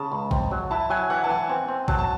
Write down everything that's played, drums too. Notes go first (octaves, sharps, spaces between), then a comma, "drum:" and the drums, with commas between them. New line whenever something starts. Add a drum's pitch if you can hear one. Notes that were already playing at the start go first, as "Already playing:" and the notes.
Already playing: C#3 A5
C#2
C4, drum: kick A#1
F#3
E4 A5
F#3 G#5
E3 F#5
A5
E3 G#5
C4
C4
F#3 A5, drum: kick A#1
A5